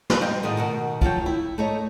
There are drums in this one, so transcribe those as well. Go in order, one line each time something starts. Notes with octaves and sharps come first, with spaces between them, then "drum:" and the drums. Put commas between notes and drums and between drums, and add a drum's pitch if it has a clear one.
drum: snare
G3 C5 D#5 G5
A2 D#3 G#3 F#4 D#5
B2 D#3 F#4
F3 F#3 C#5 G5, drum: kick
E4
A3 D#4 C#5